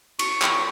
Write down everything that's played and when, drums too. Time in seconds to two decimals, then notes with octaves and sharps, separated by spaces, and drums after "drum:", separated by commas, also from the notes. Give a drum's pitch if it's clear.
0.19 C#6, drum: cymbal
0.42 drum: clap